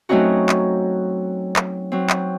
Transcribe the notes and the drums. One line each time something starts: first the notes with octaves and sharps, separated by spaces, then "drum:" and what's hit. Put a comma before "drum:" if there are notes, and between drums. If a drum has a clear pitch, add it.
F#3 A3 C4 C#4 D#4 F#4
drum: clap
drum: clap
F#3 C4
drum: clap